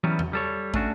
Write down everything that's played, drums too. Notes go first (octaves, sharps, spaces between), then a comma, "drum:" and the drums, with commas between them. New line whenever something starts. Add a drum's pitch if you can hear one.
E3 F#3 G3 B3 C#4
drum: tom E2
G3 A4 C#5
A3 C#4 D4 F#4, drum: kick